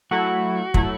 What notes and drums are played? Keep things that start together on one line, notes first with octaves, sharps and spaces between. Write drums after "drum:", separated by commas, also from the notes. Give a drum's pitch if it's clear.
F#3 A3 E4 F#4
F#3 A3 E4, drum: kick